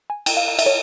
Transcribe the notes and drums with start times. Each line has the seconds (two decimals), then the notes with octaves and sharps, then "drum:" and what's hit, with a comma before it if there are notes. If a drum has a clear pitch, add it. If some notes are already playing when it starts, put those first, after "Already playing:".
0.10 G#5
0.26 G5, drum: cymbal
0.37 F5
0.48 F5
0.59 E5, drum: cymbal
0.66 C#5